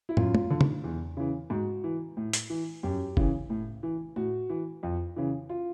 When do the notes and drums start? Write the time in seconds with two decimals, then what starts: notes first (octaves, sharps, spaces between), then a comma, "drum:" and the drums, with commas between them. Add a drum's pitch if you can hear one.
0.09 E4
0.17 F#2 F4, drum: tom
0.35 drum: tom
0.50 D3
0.61 drum: tom
0.84 E2
1.17 C#3 E3
1.50 G#2 F#4
1.84 E3
2.17 A2
2.33 drum: hi-hat
2.50 E3
2.83 F#2 G4
3.17 C#3 E3, drum: kick
3.50 A2
3.83 E3
4.16 A2 F#4
4.50 E3
4.83 F2
5.16 C#3 E3
5.49 F4